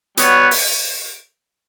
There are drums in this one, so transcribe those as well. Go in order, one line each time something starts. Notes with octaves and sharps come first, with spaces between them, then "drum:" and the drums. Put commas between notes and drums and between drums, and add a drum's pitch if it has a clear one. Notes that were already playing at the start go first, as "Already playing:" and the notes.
G3 B3 F#4 C#5, drum: hi-hat
drum: open hi-hat